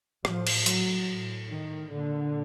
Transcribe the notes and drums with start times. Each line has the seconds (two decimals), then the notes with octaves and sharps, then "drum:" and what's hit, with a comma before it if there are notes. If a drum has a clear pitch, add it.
0.25 A2 F3, drum: rim click
0.47 drum: cymbal
0.66 F#3, drum: hi-hat
1.08 A2
1.49 D#3
1.90 A#2 D3